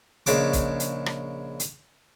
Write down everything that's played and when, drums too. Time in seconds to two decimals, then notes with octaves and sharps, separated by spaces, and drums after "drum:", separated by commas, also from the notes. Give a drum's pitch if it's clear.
0.26 A#1 C#3 G#3 D6, drum: hi-hat
0.53 drum: kick, hi-hat
0.80 drum: hi-hat
1.06 drum: rim click
1.60 drum: hi-hat